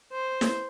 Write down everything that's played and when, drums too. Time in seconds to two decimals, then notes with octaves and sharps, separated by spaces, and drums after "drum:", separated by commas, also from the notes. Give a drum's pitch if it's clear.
0.12 C5
0.41 drum: snare